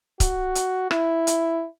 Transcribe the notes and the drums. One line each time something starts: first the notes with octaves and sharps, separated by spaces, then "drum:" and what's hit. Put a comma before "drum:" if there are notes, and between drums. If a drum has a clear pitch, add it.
F#4, drum: kick C#1, hi-hat
drum: hi-hat
E4, drum: rim click
drum: hi-hat